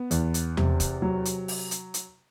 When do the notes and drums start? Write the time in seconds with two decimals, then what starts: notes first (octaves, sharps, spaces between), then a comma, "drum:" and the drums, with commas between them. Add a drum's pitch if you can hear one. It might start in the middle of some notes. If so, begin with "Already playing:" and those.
Already playing: B3
0.11 E2, drum: hi-hat
0.34 drum: hi-hat
0.57 C3, drum: tom E2
0.80 drum: kick, hi-hat
1.02 F#3
1.25 drum: hi-hat
1.48 drum: open hi-hat
1.71 drum: hi-hat
1.94 drum: hi-hat